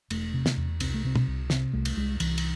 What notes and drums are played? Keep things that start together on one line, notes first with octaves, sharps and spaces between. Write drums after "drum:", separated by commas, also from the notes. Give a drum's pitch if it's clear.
E1 A3, drum: cymbal
C3
drum: snare
E2
C2 C4, drum: cymbal
A3
C3 C4
drum: tom
C2
C3 C4, drum: snare
C2 A3
drum: cymbal
C2 G#3
C2 E3, drum: cymbal
drum: cymbal